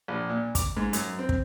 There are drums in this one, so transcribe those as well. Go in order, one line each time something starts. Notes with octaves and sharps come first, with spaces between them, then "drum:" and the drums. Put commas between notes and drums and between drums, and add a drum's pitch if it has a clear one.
A#1
A#2
D6, drum: kick, hi-hat
G#2
F#2, drum: hi-hat
C4
drum: kick